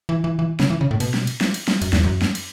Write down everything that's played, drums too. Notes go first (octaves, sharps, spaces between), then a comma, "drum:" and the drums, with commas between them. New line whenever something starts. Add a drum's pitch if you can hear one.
E3
E3
E3
C#3, drum: snare
E3
C#3
A2
B2, drum: cymbal
drum: snare
drum: cymbal
drum: snare
drum: cymbal
drum: snare
F#2, drum: cymbal
E2, drum: snare
F#2
drum: snare
drum: cymbal